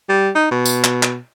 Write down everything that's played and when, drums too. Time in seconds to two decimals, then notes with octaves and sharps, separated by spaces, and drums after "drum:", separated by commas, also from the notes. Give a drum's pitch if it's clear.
0.09 G3
0.35 D#4
0.51 B2
0.65 drum: tambourine
0.84 drum: clap
1.03 drum: clap